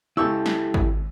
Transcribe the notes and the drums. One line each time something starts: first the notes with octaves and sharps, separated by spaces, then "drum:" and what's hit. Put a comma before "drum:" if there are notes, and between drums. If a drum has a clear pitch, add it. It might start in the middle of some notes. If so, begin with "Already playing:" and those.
C#2 E4 G4 A4 C#6 E6
drum: snare
drum: kick G#1